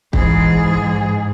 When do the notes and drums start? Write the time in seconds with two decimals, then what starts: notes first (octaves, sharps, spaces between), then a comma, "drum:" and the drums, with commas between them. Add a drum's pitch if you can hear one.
0.13 G#2 E3 G#4, drum: kick